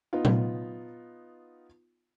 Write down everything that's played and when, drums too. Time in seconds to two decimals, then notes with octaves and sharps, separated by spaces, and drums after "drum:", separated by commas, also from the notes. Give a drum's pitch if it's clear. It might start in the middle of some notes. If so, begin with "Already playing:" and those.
0.13 B3 D#4 F4
0.25 drum: tom A#2